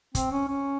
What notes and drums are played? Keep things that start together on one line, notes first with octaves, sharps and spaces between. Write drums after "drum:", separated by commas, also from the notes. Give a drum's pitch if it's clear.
C4, drum: kick, hi-hat
C#4
C#4